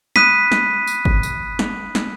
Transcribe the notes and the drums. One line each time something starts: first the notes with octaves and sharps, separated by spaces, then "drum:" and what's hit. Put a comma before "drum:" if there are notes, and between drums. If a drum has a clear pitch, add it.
B5 D#6 F#6 B6 D#7, drum: snare
drum: snare
drum: tambourine
drum: kick G1
drum: tambourine
drum: snare
drum: snare